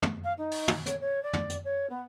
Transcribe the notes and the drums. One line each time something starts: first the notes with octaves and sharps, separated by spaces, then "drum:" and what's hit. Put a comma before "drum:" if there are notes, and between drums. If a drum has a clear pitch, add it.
drum: tom
F5
D#4
drum: open hi-hat
drum: tom
C#5, drum: hi-hat
C#5
D5
drum: tom
drum: hi-hat
C#5
B3